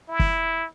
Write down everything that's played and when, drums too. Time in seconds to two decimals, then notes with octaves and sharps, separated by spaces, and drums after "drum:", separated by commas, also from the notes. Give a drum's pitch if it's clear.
0.09 E4
0.19 drum: kick